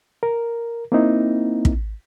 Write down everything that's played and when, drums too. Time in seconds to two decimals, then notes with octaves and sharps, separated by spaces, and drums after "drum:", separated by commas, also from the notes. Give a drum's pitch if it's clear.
0.23 A#4
0.92 A#3 C4 D#4 E4
1.65 drum: kick